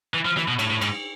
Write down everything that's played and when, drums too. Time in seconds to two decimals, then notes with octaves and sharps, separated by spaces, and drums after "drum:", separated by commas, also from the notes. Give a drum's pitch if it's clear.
0.14 E3
0.25 F3
0.37 E3, drum: snare
0.48 B2
0.59 A2, drum: cymbal
0.70 A2
0.82 G#2, drum: cymbal